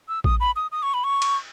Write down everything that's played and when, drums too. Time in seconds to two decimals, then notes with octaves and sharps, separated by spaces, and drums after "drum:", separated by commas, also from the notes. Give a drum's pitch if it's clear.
0.09 E6
0.24 D#6, drum: kick A1
0.40 B5
0.56 D#6
0.72 D#6
0.83 C#6
0.94 B5
1.04 C#6
1.22 drum: cymbal